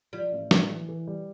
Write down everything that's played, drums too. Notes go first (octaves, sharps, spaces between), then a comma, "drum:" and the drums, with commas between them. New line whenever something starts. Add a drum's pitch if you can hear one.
F3 G3
A1
A1, drum: snare
E3
E3
G3